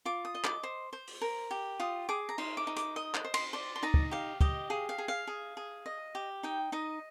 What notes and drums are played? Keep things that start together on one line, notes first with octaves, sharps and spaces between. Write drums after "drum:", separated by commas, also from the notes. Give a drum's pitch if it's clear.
F4 D6
D#6
D#5
D6, drum: clap
C5
C5
drum: open hi-hat
A#4
G4
F4 D#6
G#4 D6
A#5
D#4 C6, drum: cymbal
D6
D#4
D6, drum: hi-hat
D#5 D#6
drum: clap
C5
C6, drum: cymbal
D5 C6
C6
D#4 A#5
drum: kick
G4 F5
G4 D#5, drum: kick
G#4 F5
F5
G#4
F5
G#4
G#4
D#5
G4
D#4 G5
D#4 D#5